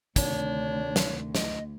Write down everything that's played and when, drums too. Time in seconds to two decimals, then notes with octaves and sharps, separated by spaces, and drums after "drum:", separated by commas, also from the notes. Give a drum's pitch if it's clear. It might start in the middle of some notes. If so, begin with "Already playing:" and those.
0.16 D2 C3 D#3 D4 C#5, drum: kick, hi-hat
0.96 drum: snare
1.35 D#5, drum: snare